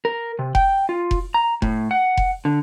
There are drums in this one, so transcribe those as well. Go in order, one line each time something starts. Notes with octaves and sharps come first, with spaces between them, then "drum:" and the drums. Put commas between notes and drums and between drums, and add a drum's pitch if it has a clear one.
A#4
C3
G5, drum: kick F1
F4
drum: kick F1
A#5
A2, drum: kick F1
F#5
drum: kick F1
D3